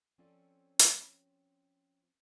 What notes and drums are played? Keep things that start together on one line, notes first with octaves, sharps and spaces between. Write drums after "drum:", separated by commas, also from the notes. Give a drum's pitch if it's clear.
F3 C4 C#4 F4 A4 D5
drum: hi-hat